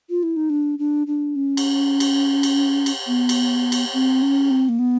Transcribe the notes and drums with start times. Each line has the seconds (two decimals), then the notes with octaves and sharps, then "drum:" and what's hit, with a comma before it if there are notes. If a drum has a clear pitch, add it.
0.10 F4
0.23 E4
0.36 D#4
0.50 D4
0.79 D4
1.07 D4
1.36 C#4
1.57 drum: cymbal
2.00 drum: cymbal
2.43 drum: cymbal
2.86 drum: cymbal
3.07 B3
3.29 drum: cymbal
3.72 drum: cymbal
3.93 C4
4.22 C#4
4.51 C4
4.69 A#3
4.79 B3